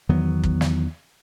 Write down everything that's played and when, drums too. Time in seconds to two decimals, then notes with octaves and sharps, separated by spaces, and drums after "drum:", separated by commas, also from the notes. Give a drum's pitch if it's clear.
0.09 E2 D#3 F#3 B3
0.44 drum: kick
0.61 drum: snare